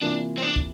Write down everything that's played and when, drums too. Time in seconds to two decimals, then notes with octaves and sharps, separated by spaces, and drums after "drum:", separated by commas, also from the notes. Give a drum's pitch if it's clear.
0.02 C3 E3 A#3 D4 F4
0.38 C4
0.42 D4
0.56 drum: kick